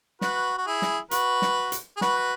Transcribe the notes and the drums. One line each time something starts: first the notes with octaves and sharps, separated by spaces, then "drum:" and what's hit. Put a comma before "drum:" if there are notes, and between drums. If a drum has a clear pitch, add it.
F#4 B4, drum: snare
F#4
E4 G#4
drum: snare
F#4 B4, drum: hi-hat
drum: snare
drum: hi-hat
G#4
F#4 B4, drum: snare